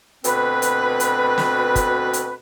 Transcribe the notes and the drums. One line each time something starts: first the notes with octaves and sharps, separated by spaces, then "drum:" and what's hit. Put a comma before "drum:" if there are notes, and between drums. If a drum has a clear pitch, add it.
D2 B2 C4 B4, drum: hi-hat
drum: hi-hat
drum: hi-hat
drum: snare
drum: kick, hi-hat
drum: hi-hat